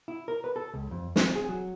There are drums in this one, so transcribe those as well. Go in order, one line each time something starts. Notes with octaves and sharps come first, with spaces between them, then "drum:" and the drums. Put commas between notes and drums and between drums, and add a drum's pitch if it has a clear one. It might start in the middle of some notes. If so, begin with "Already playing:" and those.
E4
A#4
B4
A4
C#2
F2
C4, drum: snare
G#4
F#3